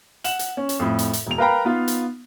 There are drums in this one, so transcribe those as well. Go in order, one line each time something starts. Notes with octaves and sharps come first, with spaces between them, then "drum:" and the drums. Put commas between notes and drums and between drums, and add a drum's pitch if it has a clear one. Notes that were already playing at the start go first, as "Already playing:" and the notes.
F#5 E7 F#7, drum: hi-hat
drum: hi-hat
C#4
drum: hi-hat
F2 A2
drum: hi-hat
drum: hi-hat
E1 F7
A#4 B4 F5 G5 A#5 B5
B3 D#4 F4 F5
drum: hi-hat